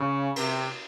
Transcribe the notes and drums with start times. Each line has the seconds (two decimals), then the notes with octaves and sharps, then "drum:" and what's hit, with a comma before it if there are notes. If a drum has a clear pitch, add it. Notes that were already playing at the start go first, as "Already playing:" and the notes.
Already playing: C#3
0.36 C3, drum: cymbal